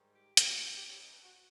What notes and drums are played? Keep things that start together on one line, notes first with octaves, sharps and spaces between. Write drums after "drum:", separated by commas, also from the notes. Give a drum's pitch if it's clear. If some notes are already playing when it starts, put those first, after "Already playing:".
Already playing: G#2 D#3 G3
G4
G2 E3 G3 F#4, drum: hi-hat
F#4
G4
G2 E3 G3 C#5
D#5
B4
F#4